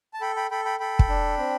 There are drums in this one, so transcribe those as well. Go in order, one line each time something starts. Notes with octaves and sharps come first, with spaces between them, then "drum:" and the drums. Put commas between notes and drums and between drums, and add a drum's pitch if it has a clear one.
A5
A4 G5 B5
G5 B5
A4 G5 B5
G5 B5
A4 G5 B5
drum: kick
D4
C4